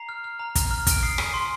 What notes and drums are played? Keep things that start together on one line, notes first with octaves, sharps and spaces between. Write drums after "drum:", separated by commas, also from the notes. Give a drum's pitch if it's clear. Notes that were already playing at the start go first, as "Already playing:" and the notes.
Already playing: A#5 C7
F6
F6
A#5
A#5, drum: kick, hi-hat
F6
F6 D7, drum: kick, hi-hat
D#6 C7
G#5, drum: rim click
C6